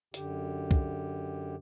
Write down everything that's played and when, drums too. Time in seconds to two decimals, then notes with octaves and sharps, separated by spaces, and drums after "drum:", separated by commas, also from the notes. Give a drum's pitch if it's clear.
0.14 F#2 D3 G4, drum: hi-hat
0.71 drum: kick C2